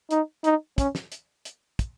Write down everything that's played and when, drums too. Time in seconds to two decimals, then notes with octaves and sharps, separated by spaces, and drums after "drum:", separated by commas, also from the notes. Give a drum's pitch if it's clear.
0.11 D#4, drum: hi-hat
0.44 D#4, drum: hi-hat
0.78 C#4, drum: kick, hi-hat
0.95 drum: snare
1.12 drum: hi-hat
1.45 drum: hi-hat
1.79 drum: kick, hi-hat